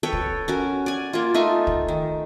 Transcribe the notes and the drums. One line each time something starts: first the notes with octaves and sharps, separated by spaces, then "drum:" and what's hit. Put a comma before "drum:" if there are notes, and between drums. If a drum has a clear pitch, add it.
A4 B4 C#5 G5
drum: kick
C#4 F#4 A#4
D5 G#5
A#3 F4
A3 D#4 F4 G#5
drum: kick
D#3